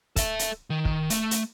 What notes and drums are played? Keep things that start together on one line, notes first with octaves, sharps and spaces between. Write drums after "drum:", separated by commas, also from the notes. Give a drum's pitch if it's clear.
A4 E5, drum: kick, hi-hat
drum: hi-hat
D#3
drum: kick
A3, drum: hi-hat
drum: hi-hat